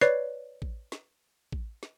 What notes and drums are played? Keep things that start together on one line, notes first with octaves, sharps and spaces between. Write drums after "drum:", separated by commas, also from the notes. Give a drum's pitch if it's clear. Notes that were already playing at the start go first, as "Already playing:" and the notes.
B4 C#5 D5 C7, drum: snare
drum: kick A1
drum: snare
drum: kick A1
drum: snare